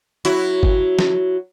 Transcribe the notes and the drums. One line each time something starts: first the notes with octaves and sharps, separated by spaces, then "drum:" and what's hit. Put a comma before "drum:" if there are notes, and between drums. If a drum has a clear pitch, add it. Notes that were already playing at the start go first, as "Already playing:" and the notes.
F#3 E4 F#4, drum: hi-hat
drum: kick G1
drum: snare